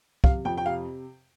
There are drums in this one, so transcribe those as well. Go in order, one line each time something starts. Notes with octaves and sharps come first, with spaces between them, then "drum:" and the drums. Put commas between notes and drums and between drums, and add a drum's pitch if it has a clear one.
C3 F5, drum: kick
F2 G5
G5
C3 F5